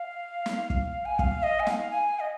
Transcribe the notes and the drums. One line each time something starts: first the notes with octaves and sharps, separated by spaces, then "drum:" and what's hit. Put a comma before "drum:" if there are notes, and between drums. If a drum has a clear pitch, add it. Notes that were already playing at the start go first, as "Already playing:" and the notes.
Already playing: F5
drum: snare
drum: kick
G#5
F5, drum: kick
D#5
G#5
F5, drum: snare
G#5
D#5